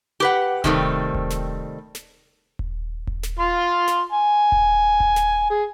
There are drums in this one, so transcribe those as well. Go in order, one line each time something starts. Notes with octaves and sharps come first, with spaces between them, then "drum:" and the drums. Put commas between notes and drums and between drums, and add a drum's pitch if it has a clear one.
G4 B4 F#5
C3 D#3 G3 A3 C4, drum: kick D#1
drum: kick D#1
drum: snare
drum: snare
drum: kick D#1
drum: kick D#1
drum: snare
F4 C6
drum: snare
G#5
drum: kick D#1
drum: kick D#1
drum: snare
G#4